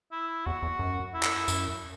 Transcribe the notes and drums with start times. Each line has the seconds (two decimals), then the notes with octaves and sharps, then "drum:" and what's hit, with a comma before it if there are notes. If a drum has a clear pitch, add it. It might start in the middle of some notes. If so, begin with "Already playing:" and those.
0.12 E4
0.46 E2 F#4
0.63 E2
0.79 F#2
1.14 E4
1.23 drum: clap
1.48 F#2, drum: tambourine